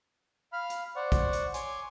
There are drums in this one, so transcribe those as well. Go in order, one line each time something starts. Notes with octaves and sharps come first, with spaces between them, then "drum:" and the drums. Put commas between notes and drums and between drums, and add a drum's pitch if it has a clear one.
F5 B5 F6
drum: hi-hat
C5 D5 F#5 C#6
drum: kick, hi-hat
drum: hi-hat
C#5 G#5 C6 D6, drum: hi-hat